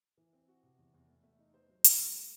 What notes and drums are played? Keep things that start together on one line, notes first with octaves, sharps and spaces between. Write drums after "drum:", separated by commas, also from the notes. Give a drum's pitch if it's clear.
E3
C4
F#4
C3
E2
E2
A3
A3
D#4
C5
F#3
F#3, drum: hi-hat
G#3
A4